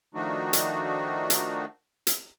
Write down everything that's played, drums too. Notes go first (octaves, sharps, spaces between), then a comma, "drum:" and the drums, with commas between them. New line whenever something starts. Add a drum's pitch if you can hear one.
D#3 F3 A3 D4 D#4 F#4
drum: hi-hat
drum: hi-hat
drum: hi-hat